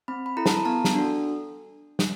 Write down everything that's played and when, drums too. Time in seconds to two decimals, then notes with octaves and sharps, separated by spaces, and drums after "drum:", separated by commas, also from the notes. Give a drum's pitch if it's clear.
0.08 C4 B5
0.26 B5
0.37 E4 A4 A#5
0.46 A5, drum: snare
0.55 A#5
0.65 B3 A5
0.85 drum: snare
0.94 D4 F#4 A4
1.99 drum: snare